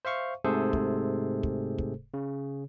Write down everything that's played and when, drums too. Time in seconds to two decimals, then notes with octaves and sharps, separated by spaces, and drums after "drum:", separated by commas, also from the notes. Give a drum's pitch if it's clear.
0.05 C5 E5 F5 C#6
0.45 G#2 C3 A3 G#4 A4 C5
0.73 drum: kick
1.43 drum: kick
1.78 drum: kick
2.14 C#3